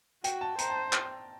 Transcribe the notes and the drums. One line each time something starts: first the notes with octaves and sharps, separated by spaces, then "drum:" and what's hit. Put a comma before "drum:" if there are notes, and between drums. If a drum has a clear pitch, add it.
F#4 G5, drum: hi-hat
A5
C5 A#5, drum: hi-hat
A5
drum: clap